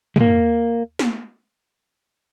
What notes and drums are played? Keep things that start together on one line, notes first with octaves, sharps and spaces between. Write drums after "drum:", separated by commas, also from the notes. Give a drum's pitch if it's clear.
G#3, drum: tom
A#3
drum: snare